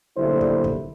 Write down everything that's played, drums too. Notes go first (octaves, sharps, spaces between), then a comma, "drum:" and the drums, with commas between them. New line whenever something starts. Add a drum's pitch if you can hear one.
B1 D3 G3 A#3 E4 C5
drum: kick
drum: kick